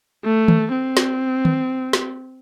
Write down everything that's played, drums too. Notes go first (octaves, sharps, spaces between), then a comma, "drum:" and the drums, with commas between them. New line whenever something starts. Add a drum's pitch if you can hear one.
A3
drum: tom D#3
C4
drum: snare
drum: tom D#3
drum: snare